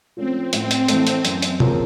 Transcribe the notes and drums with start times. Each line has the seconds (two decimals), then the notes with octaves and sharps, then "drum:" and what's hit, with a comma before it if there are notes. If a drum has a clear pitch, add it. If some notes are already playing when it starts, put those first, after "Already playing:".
0.17 F3 A3 C4 C#4 F4
0.53 A2 C4, drum: hi-hat
0.71 drum: hi-hat
0.88 E3 A3, drum: hi-hat
1.07 drum: hi-hat
1.25 F#2, drum: hi-hat
1.42 drum: hi-hat
1.60 C#3 F3 A#3 C#4, drum: tom B2